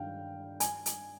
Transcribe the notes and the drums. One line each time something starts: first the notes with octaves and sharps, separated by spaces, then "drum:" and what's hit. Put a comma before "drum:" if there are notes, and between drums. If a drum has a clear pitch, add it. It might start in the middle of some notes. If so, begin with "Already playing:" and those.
Already playing: G2 D#3 F5 G5
G#5, drum: hi-hat
drum: hi-hat